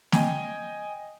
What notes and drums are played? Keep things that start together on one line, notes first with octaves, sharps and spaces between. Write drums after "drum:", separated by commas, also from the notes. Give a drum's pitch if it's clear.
D#5 G5 G#5, drum: snare